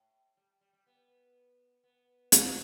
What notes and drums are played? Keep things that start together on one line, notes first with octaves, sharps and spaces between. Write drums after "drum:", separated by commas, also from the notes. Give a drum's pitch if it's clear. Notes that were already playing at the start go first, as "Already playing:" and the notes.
Already playing: A2
G3
G3
G3
B3
B3
B3, drum: hi-hat